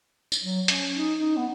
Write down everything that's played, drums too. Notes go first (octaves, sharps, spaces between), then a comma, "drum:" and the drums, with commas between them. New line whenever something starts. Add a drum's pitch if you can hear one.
drum: tambourine
F#3
C#4, drum: hi-hat
D#4
D#4
B3